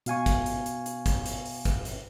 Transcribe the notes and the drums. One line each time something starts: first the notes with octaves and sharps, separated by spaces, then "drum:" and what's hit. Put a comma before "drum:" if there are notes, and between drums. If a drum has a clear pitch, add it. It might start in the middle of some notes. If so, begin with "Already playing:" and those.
B2 F5 G#5 C#6, drum: hi-hat
drum: kick, hi-hat
drum: hi-hat
drum: hi-hat
drum: hi-hat
drum: kick, hi-hat
drum: hi-hat
drum: open hi-hat
drum: kick, hi-hat
drum: hi-hat